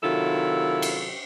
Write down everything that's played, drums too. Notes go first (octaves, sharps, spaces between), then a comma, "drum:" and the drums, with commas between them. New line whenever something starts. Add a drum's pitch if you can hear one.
C3 D#3 F#3 E4 F4 A4
drum: cymbal